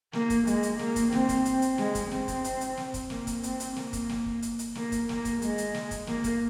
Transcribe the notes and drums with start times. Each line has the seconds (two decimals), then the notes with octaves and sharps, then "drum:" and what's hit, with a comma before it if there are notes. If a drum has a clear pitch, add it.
0.13 A#3, drum: snare
0.30 drum: kick, hi-hat
0.47 G#3, drum: hi-hat
0.63 drum: hi-hat
0.79 A#3, drum: snare
0.96 drum: kick, hi-hat
1.12 C4, drum: snare
1.29 drum: kick, hi-hat
1.45 drum: hi-hat
1.62 drum: hi-hat
1.78 G#3, drum: snare
1.95 drum: kick, hi-hat
2.11 C4, drum: snare
2.28 drum: kick, hi-hat
2.44 drum: hi-hat
2.61 drum: hi-hat
2.77 drum: snare
2.94 drum: kick, hi-hat
3.10 A#3, drum: snare
3.27 drum: kick, hi-hat
3.43 C4, drum: hi-hat
3.60 drum: hi-hat
3.76 A#3, drum: snare
3.93 drum: kick, hi-hat
4.09 drum: snare
4.26 drum: kick
4.42 drum: hi-hat
4.59 drum: hi-hat
4.75 A#3, drum: snare
4.92 drum: kick, hi-hat
5.09 A#3, drum: snare
5.25 drum: kick, hi-hat
5.42 G#3, drum: hi-hat
5.58 drum: hi-hat
5.74 drum: snare
5.91 drum: kick, hi-hat
6.07 A#3, drum: snare
6.24 drum: kick, hi-hat